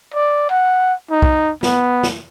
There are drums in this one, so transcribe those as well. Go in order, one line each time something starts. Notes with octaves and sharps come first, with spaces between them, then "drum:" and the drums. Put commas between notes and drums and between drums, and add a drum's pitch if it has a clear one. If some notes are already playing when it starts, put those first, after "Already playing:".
D5
F#5
D#4
drum: kick
B3, drum: snare
drum: snare